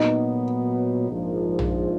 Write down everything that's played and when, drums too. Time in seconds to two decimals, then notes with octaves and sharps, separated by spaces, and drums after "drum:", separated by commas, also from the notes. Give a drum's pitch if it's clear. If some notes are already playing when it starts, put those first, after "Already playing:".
Already playing: A#2 F#3 B3 D#4
1.10 A#1 G#2 F3
1.59 drum: tom A#1